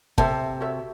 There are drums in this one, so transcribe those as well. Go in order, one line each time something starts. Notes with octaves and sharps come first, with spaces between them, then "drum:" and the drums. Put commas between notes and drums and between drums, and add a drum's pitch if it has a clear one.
C3 A4 C5 E5 A5, drum: kick
F#4 A4 C#5 E5